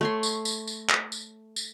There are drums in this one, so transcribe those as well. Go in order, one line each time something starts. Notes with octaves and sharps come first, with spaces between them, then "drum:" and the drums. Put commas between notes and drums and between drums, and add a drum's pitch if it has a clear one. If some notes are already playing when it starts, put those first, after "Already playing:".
A3 C#5 C6
drum: tambourine
drum: tambourine
drum: tambourine
drum: clap
drum: tambourine
drum: tambourine